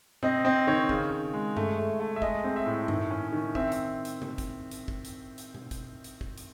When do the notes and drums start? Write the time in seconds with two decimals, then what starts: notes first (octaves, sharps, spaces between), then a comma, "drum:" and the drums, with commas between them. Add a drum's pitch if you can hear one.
0.23 C4 D#5, drum: tom B2
0.45 C4 D#5
0.67 D#3 C#5
0.89 C#3, drum: kick
1.11 C#3
1.33 G#3
1.57 A3, drum: tom G2
1.78 A3
2.00 A3
2.16 E5
2.22 G#3 D#5, drum: kick
2.44 C4
2.56 E5
2.66 A2
2.88 D#3, drum: tom G2
3.11 C#4
3.32 D#3
3.55 C4 E5, drum: kick
3.72 drum: hi-hat
4.05 drum: hi-hat
4.22 drum: tom C3
4.38 drum: kick, hi-hat
4.71 drum: hi-hat
4.88 drum: kick
5.05 drum: hi-hat
5.38 drum: hi-hat
5.55 drum: tom B2
5.71 drum: kick, hi-hat
6.04 drum: hi-hat
6.21 drum: kick
6.38 drum: hi-hat